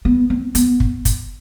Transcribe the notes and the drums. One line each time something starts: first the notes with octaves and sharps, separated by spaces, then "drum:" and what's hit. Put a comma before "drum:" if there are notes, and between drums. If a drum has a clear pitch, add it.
B3
C4
B3, drum: hi-hat
drum: kick
drum: kick, hi-hat